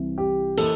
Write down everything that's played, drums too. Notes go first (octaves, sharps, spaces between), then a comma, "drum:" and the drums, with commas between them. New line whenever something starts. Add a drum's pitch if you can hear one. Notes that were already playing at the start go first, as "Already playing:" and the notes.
Already playing: C2 C3 E3
G4
E3 A#3 A4, drum: cymbal